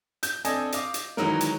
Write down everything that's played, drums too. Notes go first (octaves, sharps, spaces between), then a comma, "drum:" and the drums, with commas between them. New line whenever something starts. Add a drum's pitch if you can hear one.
G6, drum: hi-hat
C4 D4 A4 D#5 G#5, drum: hi-hat
D#5 F5 D6, drum: hi-hat
drum: hi-hat
D#3 E3 F#3 G#3 A#4, drum: snare
drum: hi-hat